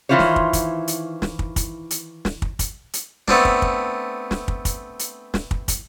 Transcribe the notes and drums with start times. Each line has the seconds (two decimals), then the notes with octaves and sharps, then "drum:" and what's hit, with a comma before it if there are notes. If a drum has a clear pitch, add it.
0.09 D#3 E3 E4 F4 C5 C#5
0.19 drum: snare
0.36 drum: kick
0.53 drum: kick, hi-hat
0.88 drum: hi-hat
1.22 drum: snare
1.39 drum: kick
1.56 drum: kick, hi-hat
1.90 drum: hi-hat
2.25 drum: snare
2.42 drum: kick
2.59 drum: kick, hi-hat
2.93 drum: hi-hat
3.28 A3 B3 C4 D4, drum: snare
3.45 drum: kick
3.62 drum: kick
4.31 drum: snare
4.48 drum: kick
4.65 drum: kick, hi-hat
4.99 drum: hi-hat
5.34 drum: snare
5.51 drum: kick
5.68 drum: kick, hi-hat